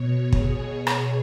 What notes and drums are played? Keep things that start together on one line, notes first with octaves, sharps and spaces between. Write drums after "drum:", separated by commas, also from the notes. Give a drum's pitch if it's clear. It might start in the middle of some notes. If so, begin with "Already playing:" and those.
Already playing: B2 C#5
G#4, drum: kick
drum: rim click